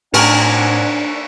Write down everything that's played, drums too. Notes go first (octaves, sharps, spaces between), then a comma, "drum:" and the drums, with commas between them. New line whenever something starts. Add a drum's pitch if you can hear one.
A2 C4 D4 A#4 F#5 G#5, drum: cymbal